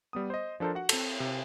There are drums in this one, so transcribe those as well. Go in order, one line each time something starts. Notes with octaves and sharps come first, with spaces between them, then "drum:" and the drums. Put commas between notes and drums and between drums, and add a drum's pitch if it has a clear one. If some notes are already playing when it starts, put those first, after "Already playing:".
G3 B3 D#6
C5 D#5
F3 D4 A4 A#4 C5
F#4 F#5
C4 A4, drum: cymbal
C3